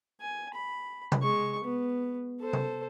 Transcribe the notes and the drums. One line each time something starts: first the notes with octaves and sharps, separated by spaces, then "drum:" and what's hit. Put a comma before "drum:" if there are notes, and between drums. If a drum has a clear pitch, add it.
G#5
B5
drum: tom C3
G#3 C#6
B3
A4 C5
drum: tom C3